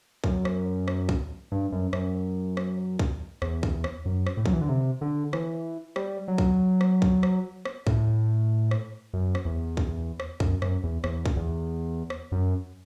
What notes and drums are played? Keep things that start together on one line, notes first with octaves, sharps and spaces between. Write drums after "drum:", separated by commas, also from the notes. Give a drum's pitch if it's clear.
F#2, drum: kick
drum: rim click
drum: rim click
drum: kick
G2
F#2
F#2, drum: rim click
drum: rim click
drum: kick
E2, drum: rim click
drum: kick
drum: rim click
F#2
drum: rim click
A2
F#3, drum: kick
E3
D3
C3
D3
E3, drum: rim click
G3, drum: rim click
F#3
drum: kick
drum: rim click
drum: kick
drum: rim click
drum: rim click
A2, drum: kick
drum: rim click
F#2
drum: rim click
E2
drum: kick
drum: rim click
F#2, drum: kick
F#2, drum: rim click
E2
E2, drum: rim click
drum: kick
E2
drum: rim click
F#2